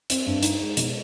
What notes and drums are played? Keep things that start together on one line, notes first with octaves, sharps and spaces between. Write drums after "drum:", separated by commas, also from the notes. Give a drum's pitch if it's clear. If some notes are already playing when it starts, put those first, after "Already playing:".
C4, drum: hi-hat
G2
D#4, drum: hi-hat
G#3
B2, drum: hi-hat